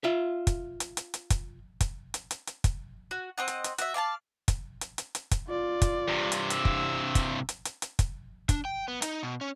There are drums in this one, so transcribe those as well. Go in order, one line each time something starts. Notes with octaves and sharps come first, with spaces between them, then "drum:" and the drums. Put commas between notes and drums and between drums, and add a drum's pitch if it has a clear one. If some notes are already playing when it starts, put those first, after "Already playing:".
F4 E5
drum: kick, hi-hat
drum: hi-hat
drum: hi-hat
drum: hi-hat
drum: kick, hi-hat
drum: kick, hi-hat
drum: hi-hat
drum: hi-hat
drum: hi-hat
drum: kick, hi-hat
F#4
C4 D#5 F#5
drum: hi-hat
drum: hi-hat
F#4 E5, drum: hi-hat
D5 F5 G#5 A5
drum: kick, hi-hat
drum: hi-hat
drum: hi-hat
drum: hi-hat
drum: kick, hi-hat
F4 D5
drum: kick, hi-hat
G2 C3
drum: hi-hat
E6, drum: hi-hat
drum: kick
drum: kick, hi-hat
drum: hi-hat
drum: hi-hat
drum: hi-hat
drum: kick, hi-hat
D4, drum: kick, hi-hat
G5
B3
D#4, drum: hi-hat
B2
C#4